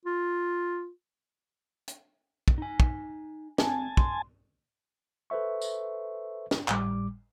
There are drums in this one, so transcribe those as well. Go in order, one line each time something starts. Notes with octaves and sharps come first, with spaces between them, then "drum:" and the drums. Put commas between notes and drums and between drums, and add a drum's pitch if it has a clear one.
F4
drum: hi-hat
drum: kick
D#4 G#5
drum: kick
C#2 C4 G#5 A5, drum: snare
C6, drum: kick
A4 B4 C5 E5 C#6
drum: tambourine
drum: snare
G#1 A2 G3 D6, drum: clap